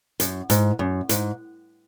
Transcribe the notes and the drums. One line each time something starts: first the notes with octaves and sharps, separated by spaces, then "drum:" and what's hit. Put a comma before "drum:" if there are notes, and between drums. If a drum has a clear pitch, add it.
F#2, drum: hi-hat
G#2, drum: hi-hat
F#2
G#2, drum: hi-hat